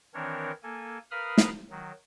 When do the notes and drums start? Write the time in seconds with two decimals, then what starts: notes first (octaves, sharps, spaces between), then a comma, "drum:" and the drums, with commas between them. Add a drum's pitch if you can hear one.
0.14 D#3 E3 C4 D4 A#4 C#5
0.63 A#3 A4 G#5
1.11 A#4 B4 F5 B5 D#6 F6
1.38 drum: snare
1.70 D#3 F#3